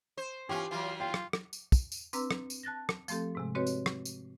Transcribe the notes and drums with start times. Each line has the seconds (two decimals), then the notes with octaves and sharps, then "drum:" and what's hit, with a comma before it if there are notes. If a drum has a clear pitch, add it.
0.17 C5
0.49 E3 C#4 F4 G4
0.71 E3 F#3 F4
1.00 F4 G5
1.14 drum: rim click
1.33 drum: rim click
1.53 drum: tambourine
1.72 drum: kick, tambourine
1.92 drum: tambourine
2.13 C4 D4 B4 A#5 E6, drum: tambourine
2.31 drum: rim click
2.50 drum: tambourine
2.63 A5 F#6 A6 A#6
2.89 drum: rim click
3.08 F3 A3 C4 G4 A4, drum: tambourine
3.35 G#2 C3 G#3
3.55 C4 F#4 G4 B4 C#5 D#5
3.67 drum: tambourine
3.86 drum: rim click
4.05 drum: tambourine